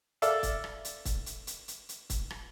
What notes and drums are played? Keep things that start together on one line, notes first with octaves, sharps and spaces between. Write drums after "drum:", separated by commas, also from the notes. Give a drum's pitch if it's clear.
A4 D5 E5 F5, drum: hi-hat
drum: kick, hi-hat
drum: rim click
drum: hi-hat
drum: kick, hi-hat
drum: hi-hat
drum: hi-hat
drum: hi-hat
drum: hi-hat
drum: kick, hi-hat
drum: rim click